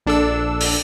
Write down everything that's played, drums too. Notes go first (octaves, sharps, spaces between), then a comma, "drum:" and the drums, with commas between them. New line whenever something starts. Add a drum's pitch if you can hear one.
A#1 D4 A4 E6
drum: open hi-hat